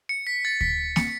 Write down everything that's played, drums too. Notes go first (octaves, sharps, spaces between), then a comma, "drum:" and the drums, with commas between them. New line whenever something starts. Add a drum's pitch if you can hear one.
C#7
B6
A6
B6, drum: kick D2
C#7, drum: snare A#3